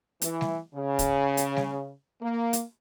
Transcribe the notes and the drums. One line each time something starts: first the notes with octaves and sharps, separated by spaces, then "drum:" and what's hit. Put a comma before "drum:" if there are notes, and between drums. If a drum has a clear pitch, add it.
E3, drum: hi-hat
drum: snare G3
C#3
drum: kick, hi-hat
drum: hi-hat
drum: snare G3
A#3
drum: hi-hat